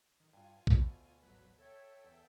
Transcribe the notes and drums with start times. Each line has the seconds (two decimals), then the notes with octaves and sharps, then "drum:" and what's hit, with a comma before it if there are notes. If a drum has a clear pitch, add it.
0.20 D#3
0.33 G2 F4 G#5
0.67 D2 B2 A3, drum: kick A#1
1.22 G#1 F#3 B4
1.58 A4 C#5 E5 G5
2.05 E2